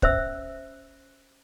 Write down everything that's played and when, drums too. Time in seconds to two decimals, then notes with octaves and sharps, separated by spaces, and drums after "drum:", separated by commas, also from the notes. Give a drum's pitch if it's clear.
0.02 C#4 C5 E5 E6, drum: kick